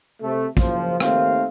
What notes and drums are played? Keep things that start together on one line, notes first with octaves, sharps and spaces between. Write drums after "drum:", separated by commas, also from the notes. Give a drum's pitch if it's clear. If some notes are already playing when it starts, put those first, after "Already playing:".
C3 A3
F#1 F3, drum: kick
D#2 D#3 A3 C4 F5, drum: rim click